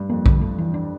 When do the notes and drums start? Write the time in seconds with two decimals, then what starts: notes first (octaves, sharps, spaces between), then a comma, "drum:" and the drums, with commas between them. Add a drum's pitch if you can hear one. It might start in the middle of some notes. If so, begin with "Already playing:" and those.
Already playing: G2
0.09 F2 A#3
0.26 D3, drum: kick A#1
0.41 A3
0.58 E3
0.74 D4